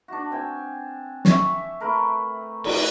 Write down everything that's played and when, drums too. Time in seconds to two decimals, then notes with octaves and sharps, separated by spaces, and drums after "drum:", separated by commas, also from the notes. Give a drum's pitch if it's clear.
0.08 D4 F#4
0.31 C4 G5 G#5
1.25 E5 C#6, drum: snare
1.80 A3 A#4 B4
2.64 drum: cymbal